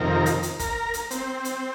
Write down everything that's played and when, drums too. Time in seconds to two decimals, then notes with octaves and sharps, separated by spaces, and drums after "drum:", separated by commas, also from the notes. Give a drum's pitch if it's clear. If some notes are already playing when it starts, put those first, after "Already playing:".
Already playing: F2 C3 D#3 A#4
0.26 drum: hi-hat
0.43 drum: hi-hat
0.59 A#4, drum: kick, hi-hat
0.94 drum: hi-hat
1.11 C4, drum: hi-hat
1.45 drum: hi-hat